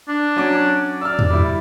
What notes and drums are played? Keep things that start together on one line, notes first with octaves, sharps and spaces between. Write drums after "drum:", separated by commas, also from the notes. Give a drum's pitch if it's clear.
D4
F#3 C#4 D6
D5 E6 F6
drum: tom E2
G3 E4